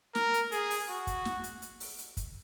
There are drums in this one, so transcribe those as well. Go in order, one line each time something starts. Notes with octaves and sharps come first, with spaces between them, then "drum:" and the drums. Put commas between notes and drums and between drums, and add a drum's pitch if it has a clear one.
A#4, drum: snare
drum: hi-hat
G#4, drum: hi-hat
drum: open hi-hat
F#4
drum: kick, hi-hat
drum: snare
drum: hi-hat
drum: hi-hat
drum: open hi-hat
drum: hi-hat
drum: kick, hi-hat